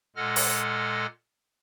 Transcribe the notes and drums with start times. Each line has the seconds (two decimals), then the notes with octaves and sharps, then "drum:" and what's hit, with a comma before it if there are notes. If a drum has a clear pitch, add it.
0.16 A#2 G#3 A4 F#5 F6 A#6
0.36 drum: open hi-hat